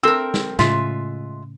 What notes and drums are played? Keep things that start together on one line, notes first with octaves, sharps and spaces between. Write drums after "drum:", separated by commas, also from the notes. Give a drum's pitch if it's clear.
C4 A4 A#4 E6
drum: snare
A2 C#3 G#3 F4 E5, drum: snare